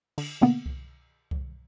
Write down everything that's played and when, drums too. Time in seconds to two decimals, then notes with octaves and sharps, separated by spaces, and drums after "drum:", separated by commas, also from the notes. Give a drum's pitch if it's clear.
0.18 D3, drum: cymbal
0.41 B2 D3 A#3 B3
0.66 drum: kick C2
1.31 drum: kick C2